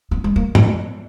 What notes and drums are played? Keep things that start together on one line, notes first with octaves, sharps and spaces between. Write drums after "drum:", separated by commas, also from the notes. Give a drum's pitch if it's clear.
B3
G#3
A#3
drum: tom G#2